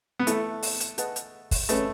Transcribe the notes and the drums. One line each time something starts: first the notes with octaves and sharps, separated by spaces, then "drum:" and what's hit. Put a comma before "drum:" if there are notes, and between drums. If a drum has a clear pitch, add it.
B3
A3 E4 A4 E5, drum: hi-hat
drum: open hi-hat
drum: hi-hat
G#4 B4 D#5 F#5 A5, drum: hi-hat
drum: hi-hat
drum: kick, open hi-hat
A3 C#4 G#4 B4 D#5, drum: hi-hat